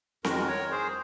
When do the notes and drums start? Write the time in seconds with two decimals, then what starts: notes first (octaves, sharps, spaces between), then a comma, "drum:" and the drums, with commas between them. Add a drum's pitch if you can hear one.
0.24 F2 D#3 G#3 F#4 A#4, drum: snare C4
0.48 A#4 C#5
0.71 G#4 C5